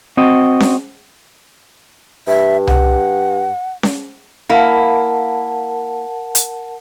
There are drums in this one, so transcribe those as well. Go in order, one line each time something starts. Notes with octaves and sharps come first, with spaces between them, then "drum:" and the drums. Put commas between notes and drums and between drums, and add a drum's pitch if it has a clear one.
C4 F#4 D#5
drum: snare C#4
G2 E5
F#5, drum: tom C2
drum: snare C#4
A#3 E4 A#4 F5 F#5 A5
drum: hi-hat